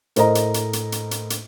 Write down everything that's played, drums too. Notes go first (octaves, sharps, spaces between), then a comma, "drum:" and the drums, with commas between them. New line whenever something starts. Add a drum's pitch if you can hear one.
A2 A#4 C5 D#5 A#5, drum: hi-hat
drum: hi-hat
drum: hi-hat
drum: hi-hat
drum: hi-hat
drum: hi-hat
drum: hi-hat